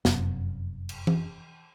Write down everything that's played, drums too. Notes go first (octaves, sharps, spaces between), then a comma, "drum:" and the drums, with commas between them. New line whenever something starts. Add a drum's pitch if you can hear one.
F1 F#2 C3, drum: snare
drum: cymbal
drum: tom E3